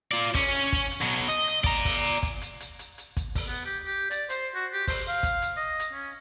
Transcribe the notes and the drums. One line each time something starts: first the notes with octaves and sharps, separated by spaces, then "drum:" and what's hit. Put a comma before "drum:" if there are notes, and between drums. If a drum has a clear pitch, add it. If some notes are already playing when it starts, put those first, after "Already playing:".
F4 D5
C#4, drum: kick, open hi-hat
drum: hi-hat
drum: kick, hi-hat
drum: hi-hat
B2 F#3
D#5, drum: hi-hat
drum: hi-hat
D5 A#5, drum: kick, hi-hat
drum: kick, open hi-hat
drum: hi-hat
drum: kick, hi-hat
drum: hi-hat
drum: hi-hat
drum: hi-hat
drum: hi-hat
drum: kick, hi-hat
drum: kick, open hi-hat
B3
G4
G4
D5, drum: hi-hat
C5, drum: hi-hat
F#4
G4
C5, drum: kick, open hi-hat
F5
drum: kick, hi-hat
drum: hi-hat
D#5
drum: hi-hat
C#4